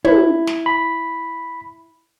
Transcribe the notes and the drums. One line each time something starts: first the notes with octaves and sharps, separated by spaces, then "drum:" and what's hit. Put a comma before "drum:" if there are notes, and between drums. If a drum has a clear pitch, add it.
E4, drum: tom
drum: snare
B5